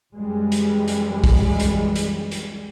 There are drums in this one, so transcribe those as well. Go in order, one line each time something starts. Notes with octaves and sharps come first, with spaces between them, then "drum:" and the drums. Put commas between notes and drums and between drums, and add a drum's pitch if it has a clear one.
F#2 E3 G3 G#3
drum: hi-hat
drum: hi-hat
drum: kick A#1, open hi-hat
drum: hi-hat
drum: hi-hat
drum: hi-hat